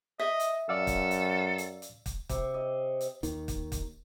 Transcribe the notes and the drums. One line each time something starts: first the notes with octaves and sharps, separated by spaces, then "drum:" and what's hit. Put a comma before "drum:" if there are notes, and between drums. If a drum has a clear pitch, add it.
D#5 E5
drum: hi-hat
F#2 A4 D5 F5 E6
drum: kick, hi-hat
drum: hi-hat
drum: hi-hat
drum: hi-hat
drum: kick, hi-hat
C3, drum: kick, hi-hat
D#5
drum: hi-hat
D#2 D#3, drum: hi-hat
drum: kick, hi-hat
drum: kick, hi-hat